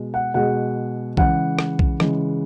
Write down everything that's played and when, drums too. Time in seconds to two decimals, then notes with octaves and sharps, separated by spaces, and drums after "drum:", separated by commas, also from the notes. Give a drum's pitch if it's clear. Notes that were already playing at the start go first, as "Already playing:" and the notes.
Already playing: B2 G#3
0.14 F#5
0.34 B2 G#3 F#5
1.17 C#3 E3 G#3 F#5, drum: kick B1
1.59 drum: rim click
1.79 drum: kick B1
2.00 C#3 E3 G#3, drum: rim click